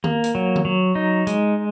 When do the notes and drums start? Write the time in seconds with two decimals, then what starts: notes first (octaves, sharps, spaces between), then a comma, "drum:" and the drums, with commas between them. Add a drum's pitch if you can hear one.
0.04 A#3, drum: tom D#3
0.24 drum: hi-hat
0.35 F#3
0.56 drum: tom D#3
0.65 F#3
0.95 D#4
1.27 G#3, drum: hi-hat